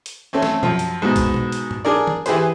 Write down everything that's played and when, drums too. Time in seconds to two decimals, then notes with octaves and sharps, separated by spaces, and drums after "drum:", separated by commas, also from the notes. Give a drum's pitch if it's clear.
0.06 drum: hi-hat
0.33 A3 C4 C#4
0.42 drum: snare
0.63 F#2 F3, drum: tom B2
0.79 drum: hi-hat
1.02 G#2 B2
1.16 drum: kick, hi-hat
1.34 drum: tom B2
1.52 drum: hi-hat
1.71 drum: tom G#2
1.85 D4 G#4 A#4 D5
2.07 drum: tom
2.26 E3 E4 G4 G#4 B4 C5, drum: hi-hat